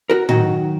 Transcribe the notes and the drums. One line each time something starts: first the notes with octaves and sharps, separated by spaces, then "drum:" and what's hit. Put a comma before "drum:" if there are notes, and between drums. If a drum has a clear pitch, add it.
F#4 A#4
D#3 F#3 D#4 F#4, drum: tom A2